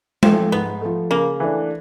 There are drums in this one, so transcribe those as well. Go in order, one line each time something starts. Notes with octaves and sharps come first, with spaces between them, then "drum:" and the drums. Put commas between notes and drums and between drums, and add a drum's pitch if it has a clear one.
F3 A3 C4, drum: tom G#3
G#2 B3
F3 A3
C#3 A#3
E3 A3 D4